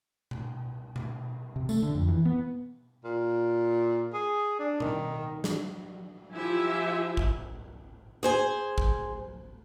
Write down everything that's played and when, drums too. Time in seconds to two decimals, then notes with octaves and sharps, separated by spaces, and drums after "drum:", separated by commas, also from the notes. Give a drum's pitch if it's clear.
0.31 drum: tom B2
0.96 drum: tom B2
1.56 C3
1.69 A3, drum: tambourine
1.82 D3
1.95 F2
2.09 E3
2.25 B3
3.04 A#2
4.13 G#4
4.59 D4
4.80 D#3, drum: tom B2
5.44 drum: snare
6.34 F3 E4 F4 G4 E5 G#5
7.17 drum: kick
8.23 G#4 C5 G#5
8.78 drum: kick